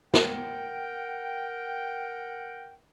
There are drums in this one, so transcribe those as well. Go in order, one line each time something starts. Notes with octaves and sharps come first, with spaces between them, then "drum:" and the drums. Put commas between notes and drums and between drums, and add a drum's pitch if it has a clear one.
A#4 F#5 G5, drum: snare